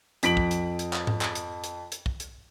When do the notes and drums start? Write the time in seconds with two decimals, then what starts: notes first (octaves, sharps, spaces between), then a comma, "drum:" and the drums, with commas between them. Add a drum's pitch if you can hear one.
0.23 F2 B6 D7 F#7, drum: hi-hat
0.37 drum: kick
0.51 drum: hi-hat
0.79 drum: hi-hat
0.93 drum: clap
1.07 drum: tom G#2
1.21 drum: clap
1.35 drum: hi-hat
1.64 drum: hi-hat
1.92 drum: hi-hat
2.06 drum: kick
2.20 drum: hi-hat